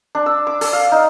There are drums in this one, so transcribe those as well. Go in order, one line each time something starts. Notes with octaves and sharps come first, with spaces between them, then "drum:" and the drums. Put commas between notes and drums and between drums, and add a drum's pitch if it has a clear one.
D4
E6
D6
A4, drum: open hi-hat
F5
D#4